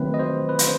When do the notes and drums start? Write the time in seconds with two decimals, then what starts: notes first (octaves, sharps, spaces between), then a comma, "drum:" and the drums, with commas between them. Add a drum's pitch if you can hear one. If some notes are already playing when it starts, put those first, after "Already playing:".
Already playing: D#3 F#3 A3 C4 B4
0.14 D#5
0.19 C5
0.49 B4
0.59 C5, drum: hi-hat